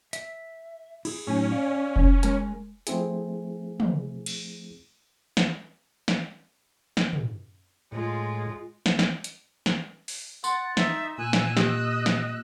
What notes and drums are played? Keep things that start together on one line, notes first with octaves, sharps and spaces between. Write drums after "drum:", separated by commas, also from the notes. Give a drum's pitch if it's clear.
E5, drum: hi-hat
E4 G#4, drum: cymbal
A2 F#3 C#4 D#4
C#5 D5 F5
drum: kick F1
G#3 A#4 G#5, drum: hi-hat
F3 A3 C4 E4 G#4, drum: hi-hat
drum: tom
drum: cymbal
drum: snare
drum: snare
drum: snare
drum: tom
A2 G#3 F4
drum: snare
drum: snare
drum: hi-hat
drum: snare
drum: open hi-hat
F#5 C6 A6, drum: tambourine
D#4 E5, drum: snare
A#2 G#5 E6 F#6
drum: snare
G4 D#5, drum: snare
drum: snare